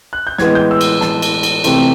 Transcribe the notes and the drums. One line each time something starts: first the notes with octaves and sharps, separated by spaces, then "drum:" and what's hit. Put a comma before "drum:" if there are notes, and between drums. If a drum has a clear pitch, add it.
F#6
G6
A2 E3 G#3 B3 G#6, drum: snare
G6
E6
drum: cymbal
A5, drum: snare
drum: cymbal
drum: cymbal
C3 E3 A3 C4, drum: cymbal